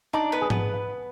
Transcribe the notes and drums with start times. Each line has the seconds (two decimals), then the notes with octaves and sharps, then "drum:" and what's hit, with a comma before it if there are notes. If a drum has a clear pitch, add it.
0.13 D4 D#4 D5
0.32 B3 B4
0.42 G#4
0.50 B3 B4, drum: tom G#2